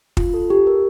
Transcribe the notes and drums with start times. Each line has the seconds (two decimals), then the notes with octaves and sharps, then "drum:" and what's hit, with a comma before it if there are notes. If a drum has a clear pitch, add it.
0.17 F4, drum: kick
0.34 A4
0.50 G4
0.67 A#4